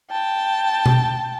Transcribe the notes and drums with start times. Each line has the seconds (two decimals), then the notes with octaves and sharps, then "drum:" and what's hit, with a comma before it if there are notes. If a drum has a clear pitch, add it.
0.11 G5 A5
0.86 drum: tom B2